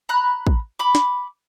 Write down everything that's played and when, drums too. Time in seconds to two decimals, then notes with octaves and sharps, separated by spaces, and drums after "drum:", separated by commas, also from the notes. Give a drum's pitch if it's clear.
0.09 A#5 B5 F#6
0.47 drum: kick
0.79 B5 D6
0.95 drum: snare